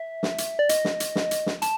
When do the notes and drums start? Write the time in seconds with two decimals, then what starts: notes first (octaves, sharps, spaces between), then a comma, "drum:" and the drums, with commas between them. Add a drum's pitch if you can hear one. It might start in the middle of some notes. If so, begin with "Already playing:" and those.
Already playing: E5
0.23 drum: snare
0.38 drum: hi-hat
0.59 D5
0.69 D#5, drum: hi-hat
0.85 drum: snare
1.00 drum: hi-hat
1.16 drum: snare
1.31 drum: hi-hat
1.46 drum: snare
1.62 A5, drum: hi-hat